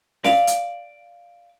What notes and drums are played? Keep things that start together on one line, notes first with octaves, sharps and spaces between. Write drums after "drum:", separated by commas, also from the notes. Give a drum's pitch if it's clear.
D5 F5, drum: snare
drum: hi-hat